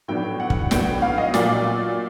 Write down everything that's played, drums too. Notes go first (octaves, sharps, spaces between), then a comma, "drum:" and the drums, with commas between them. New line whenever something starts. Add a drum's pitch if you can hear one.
A2 F#3 B3 D4 G5
F#5
drum: kick
A2 F#3 B3 D4 G5, drum: snare
F5
D#5
A#2 F#3 A#3 D5, drum: snare